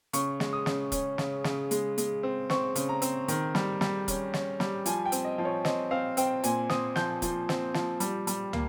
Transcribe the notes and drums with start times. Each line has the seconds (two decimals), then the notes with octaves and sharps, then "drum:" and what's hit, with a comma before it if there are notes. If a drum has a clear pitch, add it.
0.13 C#3 C#6, drum: hi-hat
0.40 G#3, drum: snare
0.53 D#6
0.66 C#3, drum: snare
0.92 C#4, drum: kick, hi-hat
1.18 C#3, drum: snare
1.44 C#3, drum: snare
1.71 G#3, drum: hi-hat
1.98 G#3, drum: hi-hat
2.23 C4
2.50 C4 C#6, drum: snare
2.75 C#3, drum: hi-hat
2.89 A#5
3.02 C4, drum: hi-hat
3.28 D#3, drum: hi-hat
3.55 G3, drum: snare
3.81 G3, drum: snare
4.08 C#4, drum: kick, hi-hat
4.34 C#4, drum: snare
4.60 G3, drum: snare
4.86 F3 G#5, drum: hi-hat
5.06 G5
5.12 C4, drum: hi-hat
5.25 D#5
5.38 F3
5.45 C#5
5.65 C4 D#5, drum: snare
5.91 C4 F5
6.17 C4 G5, drum: hi-hat
6.44 A#2 G#5, drum: hi-hat
6.70 C4 D#6, drum: snare
6.96 F3 G6, drum: snare
7.22 F3, drum: kick, hi-hat
7.49 C4, drum: snare
7.74 F3, drum: snare
8.00 G3, drum: hi-hat
8.27 G3, drum: hi-hat
8.53 A#3, drum: tom